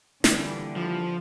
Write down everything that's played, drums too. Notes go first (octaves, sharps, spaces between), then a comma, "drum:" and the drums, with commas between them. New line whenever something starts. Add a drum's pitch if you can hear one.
A#2 D3 E3 G3, drum: snare
F3